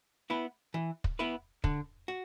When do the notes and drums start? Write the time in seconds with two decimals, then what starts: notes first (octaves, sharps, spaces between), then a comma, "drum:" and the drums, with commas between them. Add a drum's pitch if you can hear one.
0.30 B3 E4 B4
0.74 E3
1.04 drum: kick
1.19 B3 E4 B4
1.64 D3, drum: kick
2.08 F#4